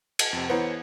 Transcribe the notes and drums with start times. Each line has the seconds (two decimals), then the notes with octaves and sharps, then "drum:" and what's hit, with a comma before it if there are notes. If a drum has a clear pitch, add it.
0.19 drum: cymbal
0.33 F2 C3
0.50 E3 B3 C5 C#5 A#5